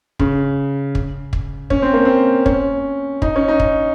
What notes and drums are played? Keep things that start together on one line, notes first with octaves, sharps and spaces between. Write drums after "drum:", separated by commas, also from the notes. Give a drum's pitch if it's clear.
C#3, drum: kick
drum: kick
drum: kick
C#4, drum: kick
C4
A#3
C4
C#4, drum: kick
D#4, drum: kick
C#4
D#4
drum: kick